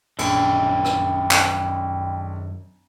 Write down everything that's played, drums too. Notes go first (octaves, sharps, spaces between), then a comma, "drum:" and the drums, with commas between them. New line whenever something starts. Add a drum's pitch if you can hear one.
A#1 F#2 D#3 G5 B5, drum: cymbal
drum: rim click
drum: clap